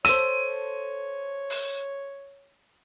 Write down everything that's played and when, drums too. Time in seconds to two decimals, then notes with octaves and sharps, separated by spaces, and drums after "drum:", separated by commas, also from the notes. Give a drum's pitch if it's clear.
0.05 A4 C5 C#5 E6 D#7, drum: hi-hat
1.50 drum: open hi-hat